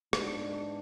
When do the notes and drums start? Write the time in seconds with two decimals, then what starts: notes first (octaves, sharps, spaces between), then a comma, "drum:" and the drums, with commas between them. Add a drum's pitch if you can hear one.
0.13 G#2 G#3 B3 D4, drum: rim click